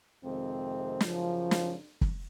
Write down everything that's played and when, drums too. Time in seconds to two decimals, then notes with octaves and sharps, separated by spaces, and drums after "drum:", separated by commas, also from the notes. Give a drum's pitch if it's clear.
0.24 F2 C3 D#3 G#3 C4
1.00 F#2 C#3 F3, drum: snare
1.51 drum: snare
2.01 drum: kick